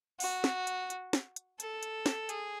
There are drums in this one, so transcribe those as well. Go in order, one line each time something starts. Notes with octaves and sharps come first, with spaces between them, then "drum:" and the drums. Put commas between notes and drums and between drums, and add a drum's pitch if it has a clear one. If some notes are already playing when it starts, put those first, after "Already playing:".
F#4, drum: open hi-hat
drum: snare
drum: hi-hat
drum: hi-hat
drum: snare
drum: hi-hat
A4, drum: hi-hat
drum: hi-hat
drum: snare
G#4, drum: hi-hat